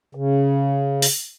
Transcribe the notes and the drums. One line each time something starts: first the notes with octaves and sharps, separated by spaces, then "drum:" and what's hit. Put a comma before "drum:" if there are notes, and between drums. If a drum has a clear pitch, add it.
C#3
drum: open hi-hat